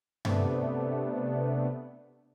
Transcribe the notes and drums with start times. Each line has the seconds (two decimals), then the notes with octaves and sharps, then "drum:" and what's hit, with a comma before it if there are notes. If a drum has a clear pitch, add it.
0.25 C3 A3 B3 D4, drum: tom G2